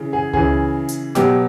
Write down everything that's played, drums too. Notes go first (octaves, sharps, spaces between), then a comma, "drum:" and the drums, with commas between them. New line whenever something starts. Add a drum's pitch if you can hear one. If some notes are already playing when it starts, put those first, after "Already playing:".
Already playing: C#3 E3
G#4
C#3 E3 G#4, drum: tom C#2
drum: hi-hat
B2 F#3 G4, drum: snare